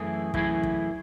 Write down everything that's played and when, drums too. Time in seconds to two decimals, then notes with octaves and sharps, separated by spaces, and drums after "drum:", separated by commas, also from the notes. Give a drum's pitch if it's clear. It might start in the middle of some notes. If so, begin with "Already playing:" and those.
Already playing: F#2 E3 A3 E4 G#4
0.34 F#2 E3 A3 E4 G#4, drum: kick
0.63 drum: kick